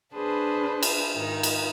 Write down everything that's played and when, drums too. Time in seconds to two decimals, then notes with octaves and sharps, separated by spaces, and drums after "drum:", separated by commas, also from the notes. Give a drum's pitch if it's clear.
0.15 D4 G#4 B4 C5 A5 B5
0.83 drum: cymbal
1.13 G#2 D#3 D#4
1.43 drum: cymbal